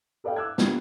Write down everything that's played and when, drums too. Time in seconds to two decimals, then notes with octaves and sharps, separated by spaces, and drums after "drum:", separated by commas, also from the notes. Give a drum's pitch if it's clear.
0.24 A4 B4 D5 E5 F5 G5
0.36 D6 E6 F#6 G#6
0.58 A#3 B3 D4 F4 G4, drum: snare